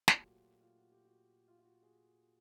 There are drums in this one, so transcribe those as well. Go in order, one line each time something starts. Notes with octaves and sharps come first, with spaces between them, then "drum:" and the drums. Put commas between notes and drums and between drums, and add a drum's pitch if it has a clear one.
A#2 F#3 A3 F4, drum: snare
G4
F#4
F4
F#4
G4
F#4
F4
F4
F#4
G#4